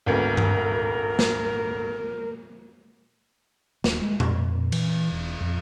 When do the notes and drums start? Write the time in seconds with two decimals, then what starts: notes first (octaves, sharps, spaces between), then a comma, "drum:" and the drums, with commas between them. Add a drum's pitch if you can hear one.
0.06 G#1 D2 B3 A#4
0.37 drum: tom G2
1.19 drum: snare
3.84 D#1, drum: snare
4.02 G#3
4.20 F2, drum: tom
4.72 E3, drum: cymbal
5.12 E1
5.41 F2